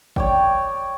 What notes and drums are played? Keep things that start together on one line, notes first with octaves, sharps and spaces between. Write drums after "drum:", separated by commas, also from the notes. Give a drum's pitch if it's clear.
C#5 D5 G5, drum: kick